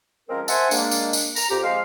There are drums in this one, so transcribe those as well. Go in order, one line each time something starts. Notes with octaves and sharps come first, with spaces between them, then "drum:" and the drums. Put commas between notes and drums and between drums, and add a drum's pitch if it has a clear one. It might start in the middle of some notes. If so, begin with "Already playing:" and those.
F3 G#3 C4 C#4 A#4
C5 E5 F#5 G#5 A5 C6, drum: tambourine
G#3 A#3 D4, drum: tambourine
drum: tambourine
drum: tambourine
A#5, drum: tambourine
F2 G4
F3 G#3 C5 F5